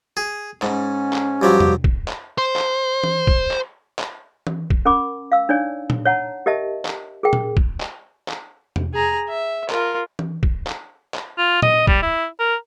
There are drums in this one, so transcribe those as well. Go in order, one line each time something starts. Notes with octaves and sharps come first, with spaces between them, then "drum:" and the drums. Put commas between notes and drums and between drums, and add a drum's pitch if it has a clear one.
G#4
G#2 C#4, drum: clap
drum: clap
G2 F3 F#3 G4
drum: tom E2
drum: kick
drum: clap
C5
drum: clap
drum: tom E3
drum: kick
drum: clap
drum: clap
drum: tom E3
drum: kick
C#4 A#4 G#5 B5 D6
F5 E6
D4 D#4 C#5 D5 G#5
drum: tom A#2
C#5 F#5 A5 A#5
G4 A#4 D#5 E5 A5
drum: clap
G#4 A#4 G5
drum: tom A#2
drum: kick
drum: clap
drum: clap
drum: tom E2
G#4 A#5
E5
F4 A#4, drum: clap
drum: tom E3
drum: kick
drum: clap
drum: clap
F4
D#5, drum: tom A#2
G3, drum: kick
E4
A#4